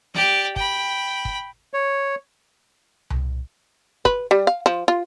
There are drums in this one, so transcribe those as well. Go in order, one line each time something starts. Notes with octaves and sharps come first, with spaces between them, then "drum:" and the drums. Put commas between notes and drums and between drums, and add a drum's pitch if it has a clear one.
G4 D5, drum: snare
G5 B5, drum: kick
drum: kick
C#5
drum: tom C2
B4, drum: kick
G3
F5
F3
F4